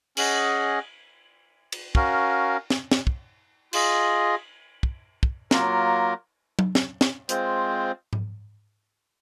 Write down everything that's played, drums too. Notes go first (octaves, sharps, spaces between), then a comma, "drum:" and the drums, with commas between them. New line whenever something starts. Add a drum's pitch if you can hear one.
C#4 G#4 D#5 F#5, drum: cymbal
drum: cymbal
C#4 F#4 A#4 F5, drum: kick
drum: snare
drum: snare
drum: kick
F4 G#4 D#5, drum: cymbal
drum: kick
drum: kick
F#3 A#3 F4 A#4, drum: snare
drum: tom F#3
drum: snare
drum: snare
G#3 C4 F4 C5, drum: hi-hat
drum: tom G#2